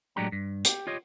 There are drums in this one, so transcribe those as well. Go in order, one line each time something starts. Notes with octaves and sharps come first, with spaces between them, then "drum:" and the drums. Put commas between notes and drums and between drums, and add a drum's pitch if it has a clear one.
A2 F#3 G#3 D4 G4 A#5
G2
G4, drum: hi-hat
F4 G4 C#5 D#5